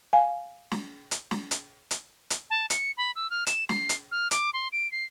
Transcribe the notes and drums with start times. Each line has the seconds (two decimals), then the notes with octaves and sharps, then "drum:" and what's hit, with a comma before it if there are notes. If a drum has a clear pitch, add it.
0.13 F5 G#5
0.71 drum: snare
1.11 drum: hi-hat
1.31 drum: snare
1.51 drum: hi-hat
1.91 drum: hi-hat
2.30 drum: hi-hat
2.50 A5
2.70 C#7, drum: hi-hat
2.97 B5
3.15 E6
3.30 F6
3.47 E7, drum: hi-hat
3.69 C7, drum: snare
3.89 drum: hi-hat
4.11 F6
4.31 D6, drum: hi-hat
4.53 C6
4.72 D7
4.92 C7